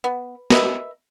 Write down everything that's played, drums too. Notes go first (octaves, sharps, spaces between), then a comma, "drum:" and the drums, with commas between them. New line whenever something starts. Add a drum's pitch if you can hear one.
B3
A#4 B4 D#5 E5, drum: snare